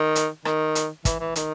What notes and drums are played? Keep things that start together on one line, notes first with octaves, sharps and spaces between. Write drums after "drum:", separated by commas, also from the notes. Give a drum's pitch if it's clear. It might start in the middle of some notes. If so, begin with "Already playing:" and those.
Already playing: D#3
drum: hi-hat
D#3, drum: rim click
drum: hi-hat
E3, drum: kick, hi-hat
E3
D#3, drum: hi-hat